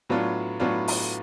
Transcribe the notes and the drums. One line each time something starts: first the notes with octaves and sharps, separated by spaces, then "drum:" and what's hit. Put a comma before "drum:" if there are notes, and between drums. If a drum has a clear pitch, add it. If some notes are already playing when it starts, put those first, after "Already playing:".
A2 F#3 B3 D4 F4
A2 F#3 B3 D4 F4
drum: open hi-hat